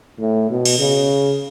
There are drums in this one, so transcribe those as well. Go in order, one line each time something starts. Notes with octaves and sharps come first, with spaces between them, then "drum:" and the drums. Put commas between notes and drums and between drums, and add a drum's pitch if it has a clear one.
A2
B2
drum: cymbal
C#3